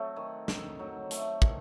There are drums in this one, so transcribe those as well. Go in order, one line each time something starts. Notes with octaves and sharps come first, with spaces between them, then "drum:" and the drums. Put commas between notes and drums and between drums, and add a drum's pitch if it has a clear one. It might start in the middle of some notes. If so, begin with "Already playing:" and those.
Already playing: F#3 A3 C4
D#3
C4, drum: snare
F#3
A3, drum: hi-hat
D#3, drum: kick